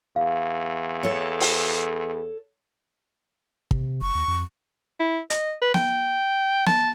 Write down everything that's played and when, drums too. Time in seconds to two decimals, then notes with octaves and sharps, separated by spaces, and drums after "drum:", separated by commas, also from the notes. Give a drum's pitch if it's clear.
0.16 E2 F5
1.03 A4 C#5
1.40 drum: open hi-hat
3.71 C3, drum: kick
4.02 F#1 C#6
4.15 D#2
4.28 F2
5.00 E4
5.30 D#5, drum: hi-hat
5.61 B4
5.74 G5, drum: snare
6.67 A5, drum: snare